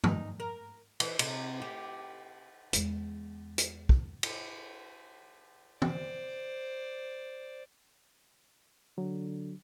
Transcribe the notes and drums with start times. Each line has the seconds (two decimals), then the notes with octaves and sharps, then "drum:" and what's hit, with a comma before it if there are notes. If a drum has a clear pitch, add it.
0.04 D#4, drum: tom
0.40 A#4
1.00 E3, drum: cymbal
1.19 C3, drum: cymbal
1.62 G4
2.73 E2 G#3, drum: hi-hat
3.58 drum: hi-hat
3.89 drum: kick
4.23 drum: cymbal
5.82 C5 D5, drum: tom E3
8.98 D3 F#3